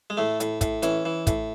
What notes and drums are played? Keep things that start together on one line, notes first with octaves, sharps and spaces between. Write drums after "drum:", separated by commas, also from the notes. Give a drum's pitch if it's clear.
G#3
A2 A3
A2, drum: hi-hat
A2, drum: kick, hi-hat
E3 C#4, drum: hi-hat
E3
A2, drum: kick, hi-hat